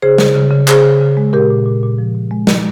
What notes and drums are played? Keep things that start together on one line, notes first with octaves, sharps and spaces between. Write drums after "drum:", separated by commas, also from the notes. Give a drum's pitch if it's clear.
C#3 G#4 C5
C#3, drum: snare
C#3
C#3
C#3 G#4 C5, drum: clap
C#3
C#3
G#3
A#2 G4 A#4
A#2
A#2
A#2
F3
A#2
G#3
F3, drum: snare